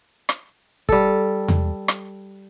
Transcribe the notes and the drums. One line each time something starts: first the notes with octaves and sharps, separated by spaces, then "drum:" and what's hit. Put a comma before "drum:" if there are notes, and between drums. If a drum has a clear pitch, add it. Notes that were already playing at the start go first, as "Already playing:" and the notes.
drum: rim click
G3 A4, drum: kick
drum: tom E2
drum: rim click